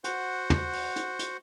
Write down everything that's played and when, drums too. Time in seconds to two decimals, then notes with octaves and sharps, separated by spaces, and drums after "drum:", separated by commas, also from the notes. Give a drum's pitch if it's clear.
0.04 F#4 C5 F#5, drum: hi-hat
0.50 drum: tom
0.73 drum: open hi-hat
0.96 drum: hi-hat
1.19 drum: hi-hat